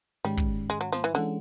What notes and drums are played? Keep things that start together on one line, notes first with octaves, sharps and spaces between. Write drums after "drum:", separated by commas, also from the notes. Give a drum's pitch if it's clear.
G#2 D#3 G3 G#3 C#4
drum: kick
G#3
F#3
F3, drum: snare
E3
D3 E3 G#3 C#4